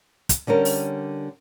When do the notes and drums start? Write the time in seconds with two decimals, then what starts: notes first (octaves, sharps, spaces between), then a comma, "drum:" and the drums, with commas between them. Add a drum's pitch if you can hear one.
0.29 drum: kick, hi-hat
0.47 D3 G3 C#4 A#4
0.65 drum: open hi-hat